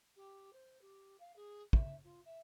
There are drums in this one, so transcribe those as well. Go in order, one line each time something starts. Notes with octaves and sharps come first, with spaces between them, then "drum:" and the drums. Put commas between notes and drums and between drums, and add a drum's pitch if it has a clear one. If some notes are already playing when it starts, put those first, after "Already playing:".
G4
C5
G4
F5
G#4
E5, drum: kick
F4
E5